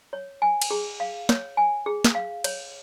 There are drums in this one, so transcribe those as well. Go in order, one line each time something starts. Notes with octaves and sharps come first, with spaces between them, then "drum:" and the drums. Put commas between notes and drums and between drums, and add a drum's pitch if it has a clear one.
C#5
G#5
drum: cymbal
G#4
F5
C#5, drum: snare
G#5
G#4
drum: snare
F5
C#5, drum: cymbal